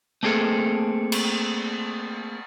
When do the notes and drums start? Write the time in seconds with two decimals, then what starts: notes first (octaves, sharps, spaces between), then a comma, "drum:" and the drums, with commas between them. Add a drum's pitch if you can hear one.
0.23 A3 A#3 C4 G#4 A4
1.12 drum: cymbal